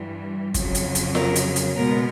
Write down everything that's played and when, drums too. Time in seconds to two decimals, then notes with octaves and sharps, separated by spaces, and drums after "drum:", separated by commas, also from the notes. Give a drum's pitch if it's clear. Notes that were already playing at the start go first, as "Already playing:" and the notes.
Already playing: G2 E3 G3
0.54 F2 C#3 F#3, drum: kick, hi-hat
0.75 drum: hi-hat
0.95 drum: hi-hat
1.15 A#4, drum: snare F4
1.36 drum: hi-hat
1.56 drum: hi-hat
1.76 B2 G#3 B3 A#4